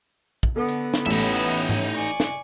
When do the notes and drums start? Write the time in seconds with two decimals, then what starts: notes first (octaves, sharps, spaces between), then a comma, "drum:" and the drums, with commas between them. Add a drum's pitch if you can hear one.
0.43 drum: kick
0.56 D3 B3 A4
0.68 drum: hi-hat
0.94 drum: snare
1.06 A1 A3 C#4 D#4 E4 E5 G5
1.19 drum: hi-hat
1.69 drum: tom G#2
1.95 D5 G#5 C#6
2.20 drum: snare